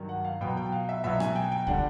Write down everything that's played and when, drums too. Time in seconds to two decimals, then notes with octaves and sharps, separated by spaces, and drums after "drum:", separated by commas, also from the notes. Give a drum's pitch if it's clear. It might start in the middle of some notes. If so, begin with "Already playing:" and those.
Already playing: G2 D#3 F#3
0.09 F#5
0.25 F5
0.41 B2 F#3 G5
0.57 G5
0.72 F5
0.89 E5
1.04 B2 F#3 E5
1.20 G#5, drum: rim click
1.35 G5
1.52 G5
1.67 D3 G3 F#5, drum: kick